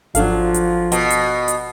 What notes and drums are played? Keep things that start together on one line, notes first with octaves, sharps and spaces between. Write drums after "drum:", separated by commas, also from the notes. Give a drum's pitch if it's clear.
G#1 F3 F#3 D4 A4 F5, drum: hi-hat
drum: hi-hat
B2, drum: hi-hat
drum: hi-hat
drum: hi-hat